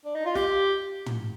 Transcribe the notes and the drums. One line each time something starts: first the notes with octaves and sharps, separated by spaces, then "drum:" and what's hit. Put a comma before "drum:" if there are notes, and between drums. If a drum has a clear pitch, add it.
D4
D#4
F4
G4, drum: snare
drum: tom